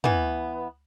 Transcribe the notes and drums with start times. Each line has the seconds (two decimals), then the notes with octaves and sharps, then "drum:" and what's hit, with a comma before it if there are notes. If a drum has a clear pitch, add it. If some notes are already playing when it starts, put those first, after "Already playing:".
0.04 E3 B3, drum: tom